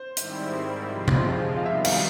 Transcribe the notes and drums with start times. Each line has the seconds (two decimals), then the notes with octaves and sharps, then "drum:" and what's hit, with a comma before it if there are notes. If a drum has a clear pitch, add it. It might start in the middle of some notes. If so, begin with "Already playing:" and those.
Already playing: C5
0.17 G#2 D#3 G3 C4 E4, drum: hi-hat
0.91 C3 F3 G#3 C4 F4
1.08 drum: tom C3
1.56 F5
1.65 D#3 G3 B3 D#4 F#4 E5
1.85 F5, drum: cymbal